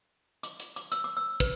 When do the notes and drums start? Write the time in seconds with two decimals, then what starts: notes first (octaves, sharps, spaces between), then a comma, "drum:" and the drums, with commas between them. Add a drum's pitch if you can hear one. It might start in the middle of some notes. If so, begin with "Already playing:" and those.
0.43 D6, drum: hi-hat
0.60 drum: hi-hat
0.76 D6, drum: hi-hat
0.92 E6, drum: hi-hat
1.04 D6
1.17 E6
1.40 B4, drum: kick, hi-hat